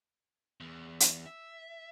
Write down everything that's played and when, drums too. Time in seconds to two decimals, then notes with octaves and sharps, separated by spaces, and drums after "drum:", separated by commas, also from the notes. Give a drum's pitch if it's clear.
0.61 E2
1.00 drum: hi-hat
1.26 E5